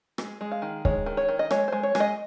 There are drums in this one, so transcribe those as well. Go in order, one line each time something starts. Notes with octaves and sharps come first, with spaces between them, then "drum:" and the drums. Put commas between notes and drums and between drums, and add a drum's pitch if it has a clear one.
G#3, drum: rim click
G#3
F5
D#3
G#3 C#5, drum: kick
D#3
C#5
D#3
D#5
G#3 C#5, drum: rim click
G#3 C5
C#5
G#3, drum: rim click
D#5